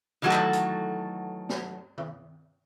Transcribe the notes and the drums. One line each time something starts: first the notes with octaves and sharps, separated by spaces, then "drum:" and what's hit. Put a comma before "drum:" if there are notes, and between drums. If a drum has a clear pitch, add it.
D#3 E3 F#3 A3 F#4 A4
drum: clap
drum: hi-hat
drum: snare
drum: tom D#3